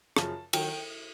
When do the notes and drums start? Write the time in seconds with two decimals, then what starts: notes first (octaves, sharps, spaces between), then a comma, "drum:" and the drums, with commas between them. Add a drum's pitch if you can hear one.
0.16 F#2 C#3 F3 A5, drum: rim click
0.53 D#3 F#3 G5, drum: cymbal